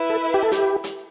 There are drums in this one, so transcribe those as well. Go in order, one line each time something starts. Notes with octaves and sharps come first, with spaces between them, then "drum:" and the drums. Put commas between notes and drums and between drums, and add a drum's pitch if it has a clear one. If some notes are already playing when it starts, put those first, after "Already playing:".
Already playing: E4 B4 E5
A4
G4
A4
G4, drum: hi-hat
drum: hi-hat